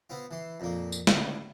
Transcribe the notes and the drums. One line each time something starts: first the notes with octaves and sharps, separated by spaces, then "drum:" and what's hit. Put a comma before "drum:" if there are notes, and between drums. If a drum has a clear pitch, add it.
B3 C4 F4
E3 C6
F2 A#2 A#3
drum: tambourine
C#2 A2 D3, drum: snare